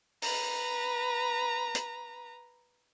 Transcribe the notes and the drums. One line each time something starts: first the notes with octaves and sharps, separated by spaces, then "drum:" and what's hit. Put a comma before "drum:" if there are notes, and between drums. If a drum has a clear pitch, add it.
B4 A#5, drum: open hi-hat
drum: hi-hat